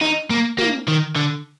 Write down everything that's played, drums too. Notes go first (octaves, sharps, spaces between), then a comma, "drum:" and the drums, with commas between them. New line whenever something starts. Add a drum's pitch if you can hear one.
D#4, drum: snare
A#3
A#3, drum: tom
D#3
D3